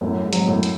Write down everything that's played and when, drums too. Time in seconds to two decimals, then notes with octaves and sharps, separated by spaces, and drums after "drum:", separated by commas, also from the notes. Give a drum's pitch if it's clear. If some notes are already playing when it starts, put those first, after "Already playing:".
0.01 F#2 A2 F#3
0.25 G#2
0.33 F#3, drum: hi-hat
0.42 G#2
0.47 F#2 A2
0.63 drum: hi-hat